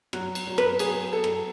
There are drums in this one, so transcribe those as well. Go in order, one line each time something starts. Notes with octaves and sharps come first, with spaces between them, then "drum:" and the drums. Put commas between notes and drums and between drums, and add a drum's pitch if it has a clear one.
F#3 F#4, drum: rim click
drum: cymbal
F#3
B4, drum: rim click
F#3 G#4, drum: cymbal
A4
drum: rim click